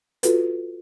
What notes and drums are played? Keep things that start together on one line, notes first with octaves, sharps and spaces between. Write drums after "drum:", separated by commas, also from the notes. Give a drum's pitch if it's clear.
F4 F#4 A4 B4, drum: hi-hat